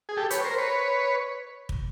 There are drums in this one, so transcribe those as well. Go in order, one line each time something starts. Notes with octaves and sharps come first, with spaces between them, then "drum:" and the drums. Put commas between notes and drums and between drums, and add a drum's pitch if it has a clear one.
G#4
G4 A4
B4 C#5, drum: hi-hat
A#4 C5
B4 C#5
drum: kick